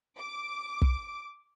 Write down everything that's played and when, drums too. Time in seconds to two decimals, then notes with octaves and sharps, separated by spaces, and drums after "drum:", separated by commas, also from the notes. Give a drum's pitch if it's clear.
0.18 D6
0.82 drum: kick